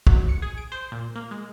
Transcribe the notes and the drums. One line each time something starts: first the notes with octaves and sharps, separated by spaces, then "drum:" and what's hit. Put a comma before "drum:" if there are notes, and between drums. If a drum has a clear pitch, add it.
F#3, drum: kick
C#7
G#4
D7
C5
A#2
A#3
G#3